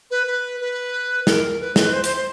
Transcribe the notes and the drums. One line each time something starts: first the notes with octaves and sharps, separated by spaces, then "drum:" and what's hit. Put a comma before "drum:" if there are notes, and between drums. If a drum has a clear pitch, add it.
B4
B4
B4
A#4, drum: snare
B4
B4, drum: snare
C5
C5, drum: hi-hat
C5